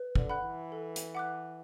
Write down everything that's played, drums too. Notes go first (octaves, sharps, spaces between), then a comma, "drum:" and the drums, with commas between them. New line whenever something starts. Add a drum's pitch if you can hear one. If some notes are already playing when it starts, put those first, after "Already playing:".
Already playing: B4
D3, drum: kick
F#5 B5 F#6
E3
A4
drum: hi-hat
F#5 D6 F#6